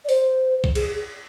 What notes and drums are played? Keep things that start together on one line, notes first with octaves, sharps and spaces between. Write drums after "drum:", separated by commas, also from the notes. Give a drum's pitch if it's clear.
D5
C5, drum: open hi-hat
drum: kick B1
G#4, drum: cymbal